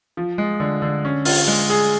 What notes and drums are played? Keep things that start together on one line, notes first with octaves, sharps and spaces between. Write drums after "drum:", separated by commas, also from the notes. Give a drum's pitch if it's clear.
F3
G#3
D3
D3
C#4
F4, drum: open hi-hat
G#3
G#4